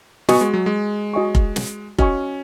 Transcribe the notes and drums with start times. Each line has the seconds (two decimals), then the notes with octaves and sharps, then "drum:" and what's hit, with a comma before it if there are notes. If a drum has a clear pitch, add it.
0.29 B3 F#4 D#5 G#5 C#6, drum: snare
0.41 G#3
0.54 F#3
0.66 G#3
1.14 F#4 D#5 G#5 C#6
1.35 drum: kick F1
1.56 drum: snare
1.98 C#4 F#4 D#5 G#5 C#6, drum: kick F1